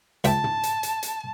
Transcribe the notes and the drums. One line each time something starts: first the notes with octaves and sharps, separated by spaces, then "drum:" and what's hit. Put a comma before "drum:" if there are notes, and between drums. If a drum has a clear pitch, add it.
C#2 E5 G5 A5, drum: hi-hat
drum: tom
drum: hi-hat
drum: hi-hat
drum: hi-hat